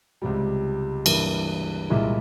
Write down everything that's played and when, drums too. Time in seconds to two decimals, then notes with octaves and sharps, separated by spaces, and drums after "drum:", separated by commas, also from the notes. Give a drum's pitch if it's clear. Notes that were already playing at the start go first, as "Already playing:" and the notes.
0.22 C#2 C3 G3
1.06 G2 E3 A#3, drum: cymbal
1.90 C2 A#2 G#3 E4